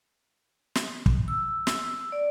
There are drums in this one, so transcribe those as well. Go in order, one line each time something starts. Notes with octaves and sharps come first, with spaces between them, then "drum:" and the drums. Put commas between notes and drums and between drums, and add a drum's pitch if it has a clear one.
drum: snare
drum: kick
E6
drum: snare
D5